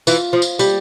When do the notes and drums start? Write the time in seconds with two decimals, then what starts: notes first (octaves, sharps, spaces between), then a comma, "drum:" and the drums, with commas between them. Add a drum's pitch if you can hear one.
0.07 E3 F4, drum: tambourine
0.33 F3
0.42 drum: tambourine
0.59 G3 G4, drum: tambourine